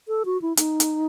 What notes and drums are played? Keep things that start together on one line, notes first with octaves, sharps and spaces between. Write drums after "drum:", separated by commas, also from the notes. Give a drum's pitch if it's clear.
A4
F#4
E4
D#4, drum: hi-hat
drum: hi-hat